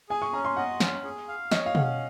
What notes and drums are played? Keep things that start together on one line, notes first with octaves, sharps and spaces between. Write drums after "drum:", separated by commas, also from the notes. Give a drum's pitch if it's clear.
G#4 G#5
C#6
C#4 A#5
C6
D#5 F#5
C#4, drum: snare
G#4
F5
C#5 D#5, drum: snare
F5
C#4 F#5, drum: tom